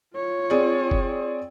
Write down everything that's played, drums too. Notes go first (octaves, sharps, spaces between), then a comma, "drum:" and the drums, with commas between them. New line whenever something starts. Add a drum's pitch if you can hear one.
F4 C#5
C4 G#4 D5
drum: kick F#1